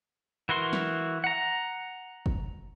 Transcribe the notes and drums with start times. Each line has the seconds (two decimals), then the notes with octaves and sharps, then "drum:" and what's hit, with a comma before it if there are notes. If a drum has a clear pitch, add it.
0.49 E3 E4 F#4 A#4 C6
0.73 drum: snare
1.24 F#5 A#5
2.26 drum: kick F#1